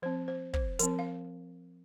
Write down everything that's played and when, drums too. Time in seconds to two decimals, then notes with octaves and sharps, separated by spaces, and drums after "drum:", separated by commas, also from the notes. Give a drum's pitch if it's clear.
0.02 F3 C4 C5
0.28 C5
0.53 C5, drum: kick
0.79 F3 C4 A#4, drum: hi-hat
0.99 F5